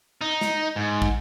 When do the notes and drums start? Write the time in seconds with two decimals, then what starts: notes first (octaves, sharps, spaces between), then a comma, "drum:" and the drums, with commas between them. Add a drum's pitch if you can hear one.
0.21 D#4
0.41 drum: snare
0.76 G#2
1.02 drum: kick